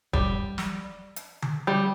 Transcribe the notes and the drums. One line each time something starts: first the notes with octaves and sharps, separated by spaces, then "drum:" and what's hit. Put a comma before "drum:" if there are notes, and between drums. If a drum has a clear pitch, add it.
G3, drum: kick E1
drum: snare
drum: hi-hat
drum: tom D3
G3